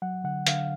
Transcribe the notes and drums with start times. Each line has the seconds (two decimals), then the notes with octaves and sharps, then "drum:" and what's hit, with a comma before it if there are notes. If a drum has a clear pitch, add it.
0.02 F#3 F#5
0.24 D3 F#5
0.47 D3 F5, drum: hi-hat